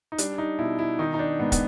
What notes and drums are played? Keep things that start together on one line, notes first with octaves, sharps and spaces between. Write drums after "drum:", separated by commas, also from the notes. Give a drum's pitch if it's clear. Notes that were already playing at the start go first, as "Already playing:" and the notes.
D#4
G3 D4, drum: hi-hat
D#4
B2 E4
E4
D#3 D#4
D#4
D4
G#2 B3
B3, drum: kick, hi-hat